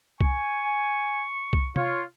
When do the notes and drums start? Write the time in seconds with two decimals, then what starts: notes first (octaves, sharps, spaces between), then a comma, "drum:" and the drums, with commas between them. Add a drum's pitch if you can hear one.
0.21 G#5 C#6, drum: kick C2
1.53 drum: kick C2
1.76 F4 C#5, drum: tom